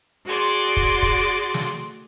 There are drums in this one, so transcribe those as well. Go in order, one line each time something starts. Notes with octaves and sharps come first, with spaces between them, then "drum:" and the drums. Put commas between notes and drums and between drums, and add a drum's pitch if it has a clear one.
F#4 G#4 D5 C6
drum: kick
drum: kick
drum: snare